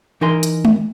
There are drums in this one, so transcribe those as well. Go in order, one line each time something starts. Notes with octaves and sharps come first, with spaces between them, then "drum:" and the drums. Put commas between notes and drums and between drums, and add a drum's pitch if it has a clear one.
E3 D#4 A#4 G#5 C6
drum: hi-hat
drum: tom G#3